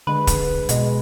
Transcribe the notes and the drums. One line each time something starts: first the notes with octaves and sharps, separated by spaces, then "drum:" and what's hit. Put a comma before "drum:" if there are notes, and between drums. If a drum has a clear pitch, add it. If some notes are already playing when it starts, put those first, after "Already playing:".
D3 G#3 B4
drum: kick, hi-hat
B2 G#3, drum: hi-hat